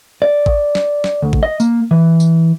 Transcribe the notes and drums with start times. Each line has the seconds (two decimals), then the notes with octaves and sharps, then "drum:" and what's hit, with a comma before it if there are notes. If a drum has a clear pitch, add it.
0.22 D5
0.46 drum: kick A1
0.75 drum: snare
1.04 drum: snare
1.22 D2
1.33 drum: kick A1
1.43 D#5
1.60 A#3, drum: tambourine
1.91 E3
2.20 drum: tambourine